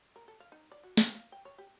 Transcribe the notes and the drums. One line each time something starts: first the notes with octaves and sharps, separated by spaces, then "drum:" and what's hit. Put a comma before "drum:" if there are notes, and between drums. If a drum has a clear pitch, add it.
A#4
A4
F5
D#4
D5
F#4
C4, drum: snare
F5
G5
C#5
G4